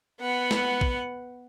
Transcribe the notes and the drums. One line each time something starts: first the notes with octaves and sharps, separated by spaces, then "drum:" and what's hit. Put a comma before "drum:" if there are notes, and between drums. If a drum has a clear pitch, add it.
B3 F#5
drum: snare
drum: kick